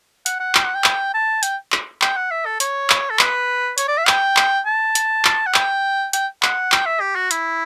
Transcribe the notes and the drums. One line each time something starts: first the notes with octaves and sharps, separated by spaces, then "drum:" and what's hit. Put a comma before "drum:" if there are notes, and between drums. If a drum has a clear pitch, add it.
F#5, drum: hi-hat
F#5
G5, drum: clap
F#5
G5
drum: clap
A5
G5, drum: hi-hat
drum: clap
G5, drum: clap
F#5
E5
A4
C#5, drum: hi-hat
drum: clap
A4
B4, drum: clap
C#5, drum: hi-hat
D5
E5
G5, drum: clap
drum: clap
A5
drum: hi-hat
drum: clap
F#5
G5, drum: clap
G5, drum: hi-hat
F#5, drum: clap
G5, drum: clap
E5
G4
F#4
E4, drum: hi-hat